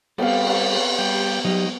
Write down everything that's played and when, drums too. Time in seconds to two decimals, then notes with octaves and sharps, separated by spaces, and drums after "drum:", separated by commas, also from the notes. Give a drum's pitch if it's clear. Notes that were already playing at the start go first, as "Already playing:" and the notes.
0.18 G3 B3 C4 A4 A#4 F5, drum: cymbal
0.47 drum: cymbal
0.99 G3 G5
1.45 F#3 G3 D#4 G4